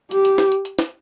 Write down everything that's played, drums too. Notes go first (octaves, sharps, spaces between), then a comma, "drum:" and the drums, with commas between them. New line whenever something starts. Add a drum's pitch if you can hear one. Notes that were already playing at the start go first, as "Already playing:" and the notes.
G4, drum: hi-hat
drum: hi-hat
drum: snare
drum: hi-hat
drum: hi-hat
drum: snare